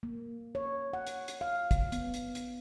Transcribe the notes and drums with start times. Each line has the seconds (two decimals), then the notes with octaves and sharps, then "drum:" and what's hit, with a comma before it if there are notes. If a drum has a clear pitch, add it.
0.03 A#3
0.55 C#5
0.93 F#5
1.07 drum: hi-hat
1.28 drum: hi-hat
1.41 F5
1.71 drum: kick, hi-hat
1.92 B3, drum: hi-hat
2.14 drum: hi-hat
2.35 drum: hi-hat